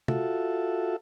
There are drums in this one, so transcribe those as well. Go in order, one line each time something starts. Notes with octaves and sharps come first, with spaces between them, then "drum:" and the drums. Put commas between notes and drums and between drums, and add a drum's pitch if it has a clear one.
F4 F#4 A4 E5, drum: tom